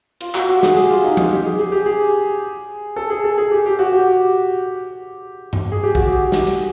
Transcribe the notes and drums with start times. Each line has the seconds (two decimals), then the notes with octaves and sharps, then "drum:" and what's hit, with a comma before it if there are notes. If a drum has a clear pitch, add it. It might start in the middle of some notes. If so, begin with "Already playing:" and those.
0.21 F4, drum: cymbal
0.35 F#4, drum: clap
0.49 F#4
0.58 G4
0.63 G#4, drum: snare
0.77 G#4, drum: open hi-hat
0.90 F4
1.04 D#4
1.17 D#4, drum: tom F3
1.32 G4
1.45 G#4
1.59 G#4
1.72 G4
1.86 G#4
2.96 A4
3.10 G#4
3.24 A4
3.38 G#4
3.51 G4
3.66 G4
3.79 F#4
3.93 G4
5.53 drum: tom G2
5.72 G#4
5.83 G4
5.95 F#4, drum: kick
6.07 G4
6.32 drum: snare
6.47 drum: cymbal